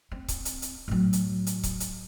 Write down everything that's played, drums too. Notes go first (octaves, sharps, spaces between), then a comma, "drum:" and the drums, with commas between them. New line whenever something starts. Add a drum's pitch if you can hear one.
C4
drum: kick C#1, hi-hat
drum: hi-hat
drum: hi-hat
A2 F#3
drum: hi-hat
drum: hi-hat
drum: kick C#1, hi-hat
drum: hi-hat